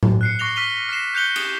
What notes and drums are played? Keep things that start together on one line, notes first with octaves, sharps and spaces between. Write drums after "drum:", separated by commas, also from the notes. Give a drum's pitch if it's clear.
drum: tom A2
F#6 C7 C#7
C#6 D6 A#6 C7 F7 G7
F6 B6 D#7 F7 G7
F6 A#6 C7 E7
F#6 G6 C#7 F7 G7
D#6 G7, drum: cymbal